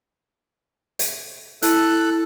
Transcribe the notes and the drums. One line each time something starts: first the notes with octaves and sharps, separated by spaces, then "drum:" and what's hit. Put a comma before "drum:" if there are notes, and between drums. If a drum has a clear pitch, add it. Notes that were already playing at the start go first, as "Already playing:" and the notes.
drum: hi-hat
E4 A4 F#6, drum: hi-hat